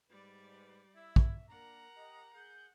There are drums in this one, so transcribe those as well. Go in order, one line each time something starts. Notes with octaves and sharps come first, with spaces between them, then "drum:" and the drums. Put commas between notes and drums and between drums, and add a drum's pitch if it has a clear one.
G#2 G3 B4 D5
E4 E5
drum: kick
A#3 D4 A#4 F#5 A#5
G4 D#5
G#4 F#5 G6